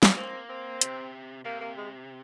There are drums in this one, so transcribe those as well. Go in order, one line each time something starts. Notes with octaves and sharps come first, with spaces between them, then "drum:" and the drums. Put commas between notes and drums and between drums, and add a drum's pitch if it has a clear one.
drum: snare
A#3 C4
C4
C3, drum: hi-hat
C3 A#3
A#3
G#3